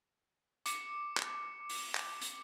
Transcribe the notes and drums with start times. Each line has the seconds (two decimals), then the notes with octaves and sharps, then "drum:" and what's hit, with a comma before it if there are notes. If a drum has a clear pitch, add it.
0.66 D6 C#7, drum: hi-hat
1.18 drum: clap
1.69 drum: open hi-hat
1.95 drum: clap
2.21 drum: hi-hat